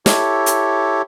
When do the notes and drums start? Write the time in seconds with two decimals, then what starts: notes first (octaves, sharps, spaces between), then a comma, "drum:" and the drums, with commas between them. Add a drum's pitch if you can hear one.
0.06 E4 G4 A4 C#5, drum: snare
0.46 drum: hi-hat